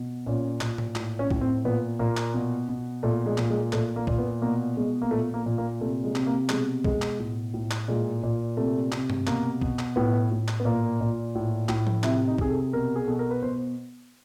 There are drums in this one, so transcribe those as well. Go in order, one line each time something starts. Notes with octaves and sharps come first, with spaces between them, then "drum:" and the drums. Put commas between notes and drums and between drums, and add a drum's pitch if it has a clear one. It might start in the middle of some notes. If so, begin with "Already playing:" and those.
Already playing: B2
A#2 C#4
A#2, drum: clap
drum: tom A2
A2, drum: clap
C#4
A2, drum: kick
C4
A#2 B3
A#2 A#3
drum: clap
B2
B2
A#2 A3
G#3
A#2, drum: clap
G#3
A#2 A3, drum: clap
A#3
A#2, drum: kick
B3
B2 A#3
B2 G#3
A#3
A#2 A3
A#3
A#2
A#3
C3 A3
G#3
C3, drum: clap
A#3
B2 G#3, drum: clap
B2 G#3, drum: kick
drum: clap
A2
A2
drum: clap
A#2 G#3
A#2
C3 A3
C3, drum: clap
drum: tom G2
B2 A#3, drum: clap
B2, drum: kick
drum: clap
A2 B3
A2
drum: clap
B3
A#2 A#3
A#2
A2
A2, drum: clap
drum: tom F3
C3 E4, drum: clap
D#4
C3 G#4, drum: kick
A4
B2 A#4
G#4
B2 A4
A#4
B4
B2 C5